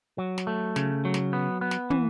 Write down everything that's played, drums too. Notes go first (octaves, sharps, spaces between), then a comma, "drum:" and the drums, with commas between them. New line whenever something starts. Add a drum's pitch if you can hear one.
F#3
drum: snare
A3
C#3, drum: snare
F#3
drum: snare
B3
B3
drum: snare
E3, drum: tom